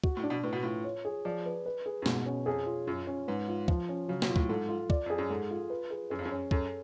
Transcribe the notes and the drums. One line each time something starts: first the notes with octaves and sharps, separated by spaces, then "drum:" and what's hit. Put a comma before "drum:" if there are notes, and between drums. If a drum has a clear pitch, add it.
F#4, drum: kick
A2
D4
B2
A2 B4
B2
A2 F4
C#5
G#4
F3 D5
B4
B4
G#4
F#2
G#2 B2, drum: snare
C#4
F2 G#4
F4
F#2 F4
C#4
G#2 B4
F4
F3, drum: kick
C#4
C#3 F#3
B2, drum: snare
F4
A2, drum: kick
G#2 A4
F4
D5, drum: kick
F2 G#4
F#2
G#2 A4
F4
B4
G#4
F#2 G#4
F2
F#2
C#4
F#2 A4, drum: kick